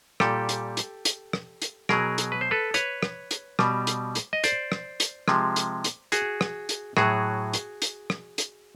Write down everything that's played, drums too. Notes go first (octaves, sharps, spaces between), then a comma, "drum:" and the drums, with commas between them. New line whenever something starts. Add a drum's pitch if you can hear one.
A#2 G3 G4 A4, drum: rim click
drum: hi-hat
drum: hi-hat
drum: hi-hat
drum: rim click
drum: hi-hat
B2 F#3 G#4 A#4, drum: rim click
drum: hi-hat
B4
C5
A4 B4
B4 C#5, drum: hi-hat
drum: rim click
drum: hi-hat
B2 G3, drum: rim click
drum: hi-hat
drum: hi-hat
D#5
C5 D5, drum: hi-hat
drum: rim click
drum: hi-hat
C3 F3 G#3, drum: rim click
drum: hi-hat
drum: hi-hat
F#4 G#4, drum: hi-hat
drum: rim click
drum: hi-hat
A2 F#3 F#4 G#4, drum: rim click
drum: hi-hat
drum: hi-hat
drum: rim click
drum: hi-hat